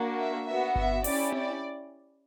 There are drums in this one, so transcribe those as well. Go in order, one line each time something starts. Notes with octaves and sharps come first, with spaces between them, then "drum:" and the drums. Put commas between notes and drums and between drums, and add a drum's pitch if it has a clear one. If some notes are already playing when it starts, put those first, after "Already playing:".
Already playing: A#3 D4 F#4
E5
B3 F#4 E5
E5, drum: kick G1
C#4 E4 G4 D5, drum: open hi-hat
D5, drum: tom C4